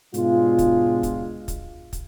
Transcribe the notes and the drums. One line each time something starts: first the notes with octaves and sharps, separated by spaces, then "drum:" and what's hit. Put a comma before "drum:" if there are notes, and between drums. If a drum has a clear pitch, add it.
G#2 B2 G#3 D4 F4, drum: hi-hat
drum: kick, hi-hat
drum: kick, hi-hat
drum: kick, hi-hat
drum: kick, hi-hat